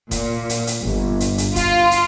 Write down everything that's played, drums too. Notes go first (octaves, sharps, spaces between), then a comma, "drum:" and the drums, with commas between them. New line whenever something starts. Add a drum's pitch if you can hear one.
A#2, drum: kick, hi-hat
drum: hi-hat
drum: hi-hat
G1
drum: hi-hat
drum: hi-hat
F4, drum: kick, hi-hat
drum: hi-hat